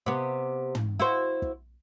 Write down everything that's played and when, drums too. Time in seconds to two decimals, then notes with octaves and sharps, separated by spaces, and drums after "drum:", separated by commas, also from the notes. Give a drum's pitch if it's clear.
0.06 C3 B3
0.75 drum: tom
0.99 E4 F#4 C5
1.42 drum: kick